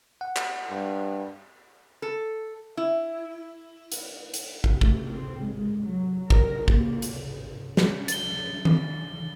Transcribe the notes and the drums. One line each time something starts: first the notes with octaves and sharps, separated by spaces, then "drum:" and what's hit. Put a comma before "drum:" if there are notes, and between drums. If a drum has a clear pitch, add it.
F#5
drum: clap
G2
A4
E4
drum: hi-hat
drum: hi-hat
drum: kick
A3, drum: kick
C4
G#3
F#3
A#4, drum: kick
A#3, drum: kick
drum: hi-hat
drum: snare
A6 G7, drum: hi-hat
drum: tom D#3